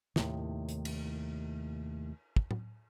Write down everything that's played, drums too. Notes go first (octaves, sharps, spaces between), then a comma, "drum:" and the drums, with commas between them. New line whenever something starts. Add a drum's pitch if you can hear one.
D#2 A2 C3 D#3, drum: snare
drum: hi-hat
drum: cymbal
drum: kick
drum: tom A2